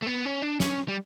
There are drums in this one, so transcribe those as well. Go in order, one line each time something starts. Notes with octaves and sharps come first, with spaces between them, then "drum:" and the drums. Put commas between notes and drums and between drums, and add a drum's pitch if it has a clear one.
A3
B3
C#4
D4
C#4, drum: snare
G3